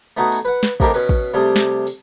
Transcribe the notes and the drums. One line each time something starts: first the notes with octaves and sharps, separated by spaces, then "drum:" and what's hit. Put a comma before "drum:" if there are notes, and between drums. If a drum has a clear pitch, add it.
A3 B3 D#4 F#4 G#4
drum: tambourine
B4 F#5
drum: snare
C3 A3 A#3 D#4 E4 G4, drum: kick
B2 C#4 B4, drum: tambourine
drum: kick
C3 G3 A3 G#4
drum: snare
drum: tambourine